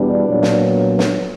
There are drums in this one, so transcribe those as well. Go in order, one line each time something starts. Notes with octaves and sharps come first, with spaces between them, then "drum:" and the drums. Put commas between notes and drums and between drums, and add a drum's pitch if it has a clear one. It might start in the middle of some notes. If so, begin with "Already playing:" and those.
Already playing: E2 B2 G3 B3 D4
A#2 F#3 B3
drum: snare
drum: snare